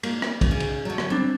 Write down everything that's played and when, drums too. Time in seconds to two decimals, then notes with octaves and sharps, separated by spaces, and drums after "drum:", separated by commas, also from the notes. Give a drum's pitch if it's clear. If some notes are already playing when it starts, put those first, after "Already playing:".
0.03 A#3, drum: cymbal
0.22 drum: rim click
0.41 drum: kick, cymbal
0.51 C#3
0.60 drum: cymbal
0.85 D3 F#3
0.98 drum: rim click
1.10 G3 B3 C4 D4